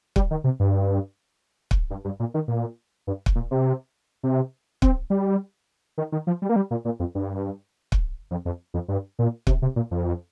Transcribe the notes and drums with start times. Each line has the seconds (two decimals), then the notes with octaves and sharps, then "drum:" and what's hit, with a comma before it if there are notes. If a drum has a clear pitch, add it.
0.16 G3, drum: kick
0.31 D#3
0.44 C3
0.60 G2
1.71 drum: kick
1.90 G2
2.05 G2
2.20 A#2
2.34 D#3
2.48 A#2
3.07 G2
3.26 drum: kick
3.35 A#2
3.51 C3
4.23 C3
4.82 C4, drum: kick
5.10 G3
5.98 D#3
6.12 D#3
6.27 F3
6.42 G3
6.49 A#3
6.56 G3
6.71 A#2
6.85 A#2
7.00 F2
7.15 G2
7.92 drum: kick
8.31 F2
8.45 F2
8.74 F2
8.88 G2
9.19 A#2
9.47 C3, drum: kick
9.62 C3
9.76 A#2
9.91 F2